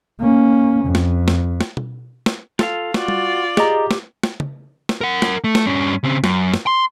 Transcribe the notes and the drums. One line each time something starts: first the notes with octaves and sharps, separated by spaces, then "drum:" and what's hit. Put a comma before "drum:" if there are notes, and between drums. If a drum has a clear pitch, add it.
A#3 C#4
F2
drum: snare
drum: snare
drum: snare
drum: tom B2
drum: snare
F4 A4 F5, drum: snare
F4 F#4 D5, drum: snare
drum: tom
G4 G#4 D#5 A#5, drum: snare
drum: snare
drum: snare
drum: tom
drum: snare
A#4 F#5
drum: snare
A3
drum: snare
G2 C#4
C#3 C4
F#2, drum: snare
drum: snare
C6